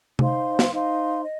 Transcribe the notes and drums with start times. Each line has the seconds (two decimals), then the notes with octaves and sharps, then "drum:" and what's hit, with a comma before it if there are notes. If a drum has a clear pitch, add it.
0.19 D#4 C5 F5 C6, drum: tom C3
0.59 drum: snare
0.71 D#4 C5 F5 C6
1.23 D#5